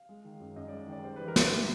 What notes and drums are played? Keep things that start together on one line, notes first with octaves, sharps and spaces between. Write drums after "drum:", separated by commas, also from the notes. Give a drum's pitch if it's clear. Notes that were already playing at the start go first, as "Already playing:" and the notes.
Already playing: F5
G#3
D#3
F#2
F#2 D#5
G#3 D5
D#3 D5
G3 C5
E3 B4
A#4
G2 B4, drum: snare